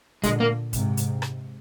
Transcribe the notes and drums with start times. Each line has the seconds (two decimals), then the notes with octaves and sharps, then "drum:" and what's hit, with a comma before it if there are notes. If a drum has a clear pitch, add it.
0.23 A#2 D3 G#3, drum: kick, hi-hat
0.40 A#3
0.73 G#2 C3, drum: kick, hi-hat
0.97 drum: hi-hat
1.22 drum: rim click